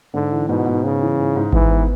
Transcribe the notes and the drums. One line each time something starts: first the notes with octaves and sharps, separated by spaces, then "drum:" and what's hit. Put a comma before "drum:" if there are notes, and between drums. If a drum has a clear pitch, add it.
G#2 D3
E3
G#2 B2
G#2
C#3 B3
E3
G#2
G#2
G#2 E3, drum: kick G#1
B3